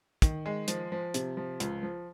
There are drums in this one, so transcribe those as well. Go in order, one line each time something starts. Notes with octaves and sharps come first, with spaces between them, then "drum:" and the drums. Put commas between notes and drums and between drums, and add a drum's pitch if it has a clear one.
D#3, drum: kick, hi-hat
G#3
F3, drum: hi-hat
F3
C3, drum: hi-hat
F3
C#2, drum: hi-hat
F3